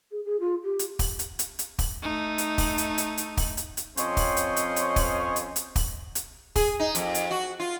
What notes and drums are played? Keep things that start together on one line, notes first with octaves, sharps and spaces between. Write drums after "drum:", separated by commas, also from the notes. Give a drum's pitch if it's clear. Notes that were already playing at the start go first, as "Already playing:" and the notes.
G#4
G#4
F4
G4
drum: hi-hat
drum: kick, open hi-hat
drum: hi-hat
drum: hi-hat
drum: hi-hat
drum: kick, open hi-hat
A3 D#4
drum: hi-hat
drum: kick, open hi-hat
drum: hi-hat
drum: hi-hat
drum: hi-hat
drum: kick, open hi-hat
drum: hi-hat
drum: hi-hat
F2 C4 C#4 C5 C#5 D#5, drum: hi-hat
drum: kick, open hi-hat
drum: hi-hat
drum: hi-hat
drum: hi-hat
drum: kick, open hi-hat
drum: hi-hat
drum: hi-hat
drum: kick, open hi-hat
drum: hi-hat
G#4, drum: kick, open hi-hat
D#4
F2, drum: hi-hat
drum: hi-hat
F#4
F4